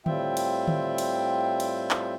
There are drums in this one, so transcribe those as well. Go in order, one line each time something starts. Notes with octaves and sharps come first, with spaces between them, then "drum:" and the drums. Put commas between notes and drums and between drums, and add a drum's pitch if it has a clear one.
A2 G3 C4 F4 E5 G5, drum: tom D3
drum: cymbal
drum: tom D3
drum: cymbal
drum: cymbal
drum: clap